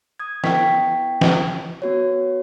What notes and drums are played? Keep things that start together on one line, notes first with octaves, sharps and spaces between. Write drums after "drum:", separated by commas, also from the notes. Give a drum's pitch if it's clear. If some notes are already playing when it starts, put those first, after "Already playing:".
D#6 G#6
B3 E4 G5 C#6 B6, drum: snare
drum: snare
B3 F#4 C#5